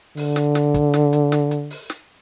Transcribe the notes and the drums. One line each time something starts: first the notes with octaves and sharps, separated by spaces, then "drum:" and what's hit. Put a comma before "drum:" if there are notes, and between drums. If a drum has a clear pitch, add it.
D3, drum: open hi-hat
drum: snare
drum: snare
drum: kick, hi-hat
drum: snare
drum: hi-hat
drum: snare
drum: hi-hat
drum: open hi-hat
drum: snare